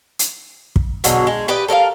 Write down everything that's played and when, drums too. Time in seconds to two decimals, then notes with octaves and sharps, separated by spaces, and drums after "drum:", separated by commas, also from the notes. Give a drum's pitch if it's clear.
0.19 drum: hi-hat
0.76 drum: kick
1.04 B2 D3 F#3 G#3, drum: hi-hat
1.27 G#3
1.48 G4 B4 D5 D#5
1.68 A4 A#4 D#5 F5